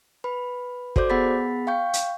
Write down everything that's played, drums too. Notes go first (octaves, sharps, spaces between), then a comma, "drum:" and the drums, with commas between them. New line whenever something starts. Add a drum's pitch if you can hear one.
B4 B5
F#4 A4 C5 D5 D6 G6, drum: kick
B3 G#4 F#5 B5 A6 B6
F5 G5 C#6 G6
drum: hi-hat